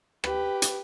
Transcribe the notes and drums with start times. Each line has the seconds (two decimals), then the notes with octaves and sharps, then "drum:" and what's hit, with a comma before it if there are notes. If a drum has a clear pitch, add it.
0.24 G4 B4, drum: rim click
0.62 drum: hi-hat